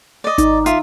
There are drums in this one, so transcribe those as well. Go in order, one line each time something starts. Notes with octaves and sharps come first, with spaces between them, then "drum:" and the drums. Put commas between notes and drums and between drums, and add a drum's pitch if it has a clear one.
D5 D#5
D#4, drum: kick G#1, hi-hat
F4 E5, drum: hi-hat